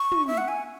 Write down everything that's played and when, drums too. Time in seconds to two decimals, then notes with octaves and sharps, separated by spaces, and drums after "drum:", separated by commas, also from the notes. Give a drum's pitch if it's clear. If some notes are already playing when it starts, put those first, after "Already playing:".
Already playing: C#6
0.12 drum: tom
0.27 E5
0.38 F#5
0.48 G#5